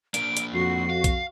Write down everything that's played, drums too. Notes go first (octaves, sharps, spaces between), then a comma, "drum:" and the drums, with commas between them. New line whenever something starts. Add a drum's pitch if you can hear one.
A#3 D4 A#4 D7, drum: hi-hat
drum: hi-hat
F2 F#4 C7
F5
drum: kick B1, hi-hat